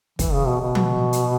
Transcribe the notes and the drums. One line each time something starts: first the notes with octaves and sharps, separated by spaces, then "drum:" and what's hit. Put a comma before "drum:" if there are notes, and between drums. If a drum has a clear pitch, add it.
E3, drum: kick, hi-hat
C#3
B2
B2
drum: tom F3
drum: hi-hat